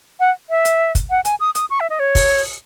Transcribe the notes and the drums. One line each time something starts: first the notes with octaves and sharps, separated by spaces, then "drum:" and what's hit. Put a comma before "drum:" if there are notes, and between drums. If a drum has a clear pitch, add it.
F#5
E5
drum: hi-hat
drum: kick, hi-hat
F#5
G#5, drum: hi-hat
D#6
D#6, drum: hi-hat
C#6
E5
D#5
C#5
drum: kick, open hi-hat